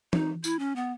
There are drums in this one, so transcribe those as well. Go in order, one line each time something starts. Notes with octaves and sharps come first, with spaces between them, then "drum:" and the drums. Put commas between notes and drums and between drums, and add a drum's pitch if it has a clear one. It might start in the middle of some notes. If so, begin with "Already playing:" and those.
D#4, drum: tom
E4, drum: tambourine
C#4
B3